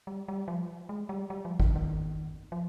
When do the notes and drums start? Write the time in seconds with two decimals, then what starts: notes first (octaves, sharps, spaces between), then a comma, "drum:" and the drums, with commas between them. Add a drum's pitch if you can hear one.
0.07 G3
0.28 G3
0.48 F3
0.89 G#3
1.09 G3
1.30 G3
1.45 F3
1.60 D#3, drum: kick
1.76 D#3
2.52 F3